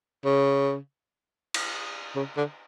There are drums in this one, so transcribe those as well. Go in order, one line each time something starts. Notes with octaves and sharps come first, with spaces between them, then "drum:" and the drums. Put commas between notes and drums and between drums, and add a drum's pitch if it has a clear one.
C#3
drum: cymbal
C#3
D3